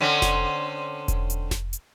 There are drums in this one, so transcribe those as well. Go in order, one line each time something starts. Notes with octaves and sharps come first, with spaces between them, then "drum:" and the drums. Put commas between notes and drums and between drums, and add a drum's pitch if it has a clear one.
D3 C4 C#4
drum: snare F1
drum: kick E1, hi-hat
drum: hi-hat
drum: snare F1
drum: hi-hat